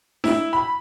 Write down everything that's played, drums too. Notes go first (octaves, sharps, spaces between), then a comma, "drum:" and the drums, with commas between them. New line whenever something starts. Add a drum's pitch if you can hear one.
E4, drum: snare D4
B5